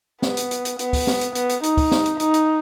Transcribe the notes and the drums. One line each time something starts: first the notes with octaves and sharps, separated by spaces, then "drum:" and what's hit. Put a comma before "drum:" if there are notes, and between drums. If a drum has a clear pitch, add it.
B3, drum: snare
drum: hi-hat
drum: hi-hat
drum: hi-hat
B3, drum: hi-hat
drum: kick, open hi-hat
drum: snare
drum: hi-hat
B3, drum: hi-hat
drum: hi-hat
D#4, drum: hi-hat
drum: kick, open hi-hat
drum: snare
drum: hi-hat
D#4, drum: hi-hat
drum: hi-hat